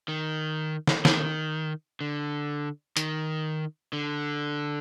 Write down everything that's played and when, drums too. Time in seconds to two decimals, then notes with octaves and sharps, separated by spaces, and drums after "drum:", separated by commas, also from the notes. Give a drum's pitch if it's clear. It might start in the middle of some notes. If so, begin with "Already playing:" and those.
0.08 D#3
0.87 drum: snare
1.05 D#3, drum: snare
2.01 D3
2.97 D#3, drum: hi-hat
3.93 D3